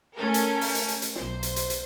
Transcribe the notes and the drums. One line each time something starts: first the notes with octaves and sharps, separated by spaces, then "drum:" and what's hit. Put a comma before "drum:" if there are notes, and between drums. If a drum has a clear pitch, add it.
A3 C#4 A4 A#4
drum: hi-hat
drum: open hi-hat
drum: hi-hat
drum: hi-hat
drum: hi-hat
B1 C5, drum: snare
drum: hi-hat
drum: hi-hat
drum: hi-hat